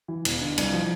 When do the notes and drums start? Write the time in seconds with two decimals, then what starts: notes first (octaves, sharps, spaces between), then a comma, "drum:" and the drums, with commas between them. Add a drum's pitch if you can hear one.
0.08 E3
0.25 E1, drum: cymbal
0.41 D3
0.58 C2, drum: cymbal
0.73 F3